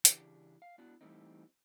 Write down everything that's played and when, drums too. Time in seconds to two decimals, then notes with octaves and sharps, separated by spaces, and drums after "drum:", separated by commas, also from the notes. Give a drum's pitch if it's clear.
0.05 C#3 E3 D4 G4, drum: hi-hat
0.62 F5
0.78 B3 D4 E4 F#4
1.01 E3 G3 A3 C4 D#4